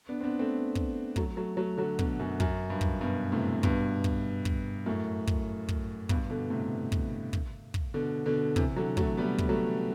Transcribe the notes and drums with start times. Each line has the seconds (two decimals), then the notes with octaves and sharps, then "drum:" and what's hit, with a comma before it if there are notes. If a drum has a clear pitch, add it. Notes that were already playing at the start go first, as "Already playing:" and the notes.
0.09 B3 D4
0.20 C4
0.24 B3 D4
0.39 A3 C4
0.75 drum: kick
1.16 F#3 A3, drum: kick
1.37 F#3 A3
1.57 F#3 A3
1.77 D3 F#3
1.99 B2 D3, drum: kick
2.19 F#2
2.40 F#2, drum: kick
2.70 G2
2.81 drum: kick
3.01 G2 B2
3.32 A2 C3
3.63 G2 B2, drum: kick
4.04 drum: kick
4.45 drum: kick
4.86 F#2 A2
5.27 drum: kick
5.69 drum: kick
6.09 G2 B2, drum: kick
6.30 B2 D3
6.50 A2 C3
6.92 drum: kick
7.33 drum: kick
7.74 drum: kick
7.94 B2 D3
8.26 B2 D3
8.56 C3 E3, drum: kick
8.76 D3 F#3
8.97 F#3 A3, drum: kick
9.17 G3 B3
9.38 drum: kick
9.49 F#3 A3